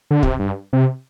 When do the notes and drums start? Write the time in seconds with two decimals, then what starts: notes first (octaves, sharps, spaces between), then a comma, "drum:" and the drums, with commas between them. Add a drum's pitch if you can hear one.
0.11 D3
0.23 C3, drum: kick
0.39 G2
0.73 C3